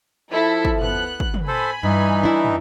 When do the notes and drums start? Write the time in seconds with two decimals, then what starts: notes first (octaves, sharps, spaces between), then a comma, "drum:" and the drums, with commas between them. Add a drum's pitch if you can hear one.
0.31 F3 E4 A4
0.65 drum: kick
0.81 B3 F#6, drum: tom
1.20 drum: kick
1.34 drum: tom
1.48 A4 C5 G#5 B5
1.83 G2 E3 D#4
2.23 D4 E4
2.45 drum: tom